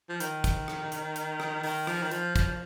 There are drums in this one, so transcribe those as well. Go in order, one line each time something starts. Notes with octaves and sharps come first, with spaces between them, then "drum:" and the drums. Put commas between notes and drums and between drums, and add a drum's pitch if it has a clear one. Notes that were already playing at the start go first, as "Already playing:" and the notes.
F3
D#3, drum: hi-hat
drum: kick, hi-hat
drum: rim click
drum: hi-hat
drum: hi-hat
drum: rim click
D#3, drum: open hi-hat
F3, drum: rim click
D#3
F3, drum: hi-hat
F3, drum: kick, hi-hat
F3